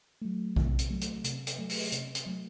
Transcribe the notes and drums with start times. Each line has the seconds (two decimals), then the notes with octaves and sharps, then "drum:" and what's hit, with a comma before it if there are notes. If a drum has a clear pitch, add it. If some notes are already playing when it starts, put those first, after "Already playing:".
0.22 F#3 A3
0.56 C3, drum: kick B1
0.79 drum: hi-hat
0.90 F#3 A3
1.01 drum: hi-hat
1.24 C3, drum: hi-hat
1.47 drum: hi-hat
1.59 F#3 A3
1.70 drum: open hi-hat
1.92 C3, drum: hi-hat
2.15 drum: hi-hat
2.26 F#3 A3